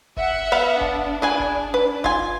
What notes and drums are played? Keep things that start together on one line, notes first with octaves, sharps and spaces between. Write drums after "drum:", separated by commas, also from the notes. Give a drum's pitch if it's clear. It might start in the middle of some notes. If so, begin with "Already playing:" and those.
E5 F#5, drum: kick F1
B3 F5 B5
D4, drum: kick F1
G#4 B4 G#5
drum: kick F1
B4
F4 G#5, drum: kick F1